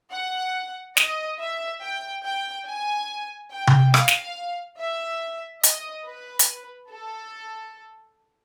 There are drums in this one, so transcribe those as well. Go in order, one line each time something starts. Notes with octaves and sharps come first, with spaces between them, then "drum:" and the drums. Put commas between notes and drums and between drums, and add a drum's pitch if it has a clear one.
F#5
D#5, drum: snare
E5
G5
G5
G#5
G5
drum: tom C3
F5, drum: rim click
drum: snare
E5
D#5, drum: hi-hat
B4
drum: hi-hat
A4